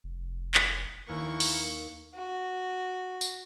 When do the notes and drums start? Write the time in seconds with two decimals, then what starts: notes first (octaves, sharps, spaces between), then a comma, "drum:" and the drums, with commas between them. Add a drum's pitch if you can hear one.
0.04 F1
0.54 drum: clap
1.09 D#2 E3 A#3 C#6
1.40 drum: open hi-hat
2.14 F#4
3.21 drum: tambourine